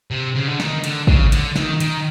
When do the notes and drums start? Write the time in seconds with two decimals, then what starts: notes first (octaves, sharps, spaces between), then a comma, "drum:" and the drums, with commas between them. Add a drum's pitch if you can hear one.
0.11 C3
0.36 C#3
0.48 D3
0.60 D#3, drum: snare
0.84 D3, drum: hi-hat
1.07 C#3, drum: kick
1.32 D3, drum: hi-hat
1.56 D#3, drum: snare
1.80 D#3, drum: hi-hat